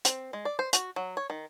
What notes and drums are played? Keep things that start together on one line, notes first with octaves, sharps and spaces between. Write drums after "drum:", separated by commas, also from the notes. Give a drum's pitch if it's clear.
C4, drum: hi-hat
G#3
D5
C5
F#4, drum: hi-hat
F#3
C#5
D#3